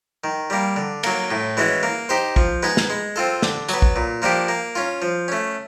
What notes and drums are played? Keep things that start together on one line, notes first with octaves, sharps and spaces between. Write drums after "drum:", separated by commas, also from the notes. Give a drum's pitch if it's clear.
D#3
G3 A#3
D3
F#3 A#3, drum: cymbal
A2
E3 G#3 C#4 F#4
A#3
D#4 G4 C5
F3, drum: kick
G#3 B3 D#4 G#4
drum: snare
G#3
C4 F4 A4
D3, drum: snare
F#3 B3, drum: hi-hat
drum: kick
A#2
F3 A#3 D4 G4
A#3
C#4 F4
F3
A3 C#4